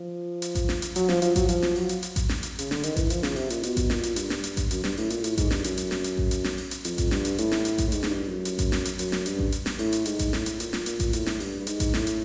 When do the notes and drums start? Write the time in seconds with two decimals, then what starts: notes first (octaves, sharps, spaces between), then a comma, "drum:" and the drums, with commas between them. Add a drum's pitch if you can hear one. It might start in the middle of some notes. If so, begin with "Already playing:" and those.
Already playing: F3
0.42 drum: hi-hat
0.55 drum: kick A1, hi-hat
0.69 drum: snare
0.82 drum: hi-hat
0.96 F#3, drum: hi-hat
1.09 F3, drum: snare
1.22 F3, drum: hi-hat
1.36 F#3, drum: kick A1, hi-hat
1.49 F3, drum: hi-hat
1.62 drum: snare
1.76 F#3, drum: open hi-hat
1.89 drum: hi-hat
2.03 drum: hi-hat
2.16 drum: kick A1, hi-hat
2.29 drum: snare
2.43 drum: hi-hat
2.59 C#3, drum: hi-hat
2.71 D3, drum: snare
2.83 D#3, drum: hi-hat
2.96 E3, drum: kick A1, hi-hat
3.10 F3, drum: hi-hat
3.23 C#3, drum: snare
3.36 C3, drum: open hi-hat
3.50 A#2, drum: hi-hat
3.63 B2, drum: hi-hat
3.77 drum: kick A1, hi-hat
3.90 A#2, drum: snare
4.03 drum: hi-hat
4.16 G2, drum: hi-hat
4.30 drum: snare
4.44 drum: hi-hat
4.57 drum: kick A1, hi-hat
4.71 F#2, drum: hi-hat
4.84 G2, drum: snare
4.97 A2, drum: open hi-hat
5.10 A#2, drum: hi-hat
5.24 A2, drum: hi-hat
5.38 G#2, drum: kick A1, hi-hat
5.51 G2, drum: snare
5.64 F#2, drum: hi-hat
5.77 drum: hi-hat
5.91 drum: snare
6.04 drum: hi-hat
6.18 drum: kick A1
6.31 drum: hi-hat
6.44 drum: snare
6.58 drum: open hi-hat
6.71 drum: hi-hat
6.85 F2, drum: hi-hat
6.98 drum: kick A1, hi-hat
7.11 G2, drum: snare
7.25 drum: hi-hat
7.38 A2, drum: hi-hat
7.52 drum: snare
7.65 drum: hi-hat
7.78 drum: kick A1, hi-hat
7.88 A2
7.92 G#2, drum: hi-hat
8.03 G#2, drum: snare
8.10 G2
8.27 F#2
8.45 drum: hi-hat
8.59 drum: kick A1, hi-hat
8.72 drum: snare
8.85 drum: hi-hat
8.99 F#2, drum: hi-hat
9.12 drum: snare
9.26 G2, drum: hi-hat
9.39 drum: kick A1
9.52 drum: hi-hat
9.66 drum: snare
9.79 A2, drum: open hi-hat
9.93 drum: hi-hat
10.06 G#2, drum: hi-hat
10.19 drum: kick A1, hi-hat
10.33 A2, drum: snare
10.46 drum: hi-hat
10.60 A#2, drum: hi-hat
10.73 drum: snare
10.86 A#2, drum: hi-hat
11.00 drum: kick A1, hi-hat
11.13 A2, drum: hi-hat
11.26 drum: snare
11.40 G2, drum: open hi-hat
11.59 G2
11.67 G#2, drum: hi-hat
11.80 drum: kick A1, hi-hat
11.94 A2, drum: snare
12.07 drum: hi-hat